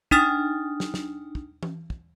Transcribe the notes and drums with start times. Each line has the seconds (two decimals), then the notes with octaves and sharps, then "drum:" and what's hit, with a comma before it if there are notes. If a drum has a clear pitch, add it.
0.11 D4 D#4 D#6 F6 A6, drum: kick
0.80 drum: snare
0.94 drum: snare
1.35 drum: kick
1.63 drum: tom E3
1.90 drum: kick